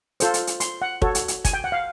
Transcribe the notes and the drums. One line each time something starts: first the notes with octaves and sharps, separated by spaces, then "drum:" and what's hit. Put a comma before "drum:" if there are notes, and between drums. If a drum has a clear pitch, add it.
F4 A4 C5, drum: hi-hat
drum: hi-hat
drum: hi-hat
C6, drum: hi-hat
F#5
F#4 A4 C#5, drum: kick
drum: hi-hat
drum: hi-hat
G#5, drum: kick, hi-hat
G5
F#5
F5